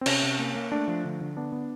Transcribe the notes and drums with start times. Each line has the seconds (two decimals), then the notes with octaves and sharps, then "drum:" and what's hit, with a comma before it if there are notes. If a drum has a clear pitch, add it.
0.01 C4
0.06 C3 C#4, drum: cymbal
0.23 C3
0.39 A#3
0.55 A#3
0.72 A3 D4
0.88 F3
1.05 D3
1.21 D3
1.37 B3 D4
1.52 B3